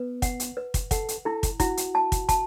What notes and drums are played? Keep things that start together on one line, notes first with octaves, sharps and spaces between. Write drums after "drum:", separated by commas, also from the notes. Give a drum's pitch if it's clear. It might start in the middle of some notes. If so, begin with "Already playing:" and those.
Already playing: B3 B4
F#5, drum: kick, hi-hat
drum: hi-hat
B4
drum: kick, hi-hat
A4 F#5, drum: kick, hi-hat
drum: hi-hat
E4 A4
drum: kick, hi-hat
E4 F#4, drum: kick, hi-hat
drum: hi-hat
A5
drum: kick, hi-hat
A5, drum: kick, hi-hat